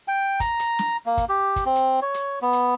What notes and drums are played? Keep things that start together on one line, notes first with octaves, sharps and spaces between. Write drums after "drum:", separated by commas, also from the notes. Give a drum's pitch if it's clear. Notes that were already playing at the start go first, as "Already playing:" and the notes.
G5
A#5, drum: kick, hi-hat
drum: hi-hat
drum: snare
A#3
drum: kick, hi-hat
G4
drum: kick, hi-hat
C4
drum: hi-hat
C#5
drum: hi-hat
B3
drum: hi-hat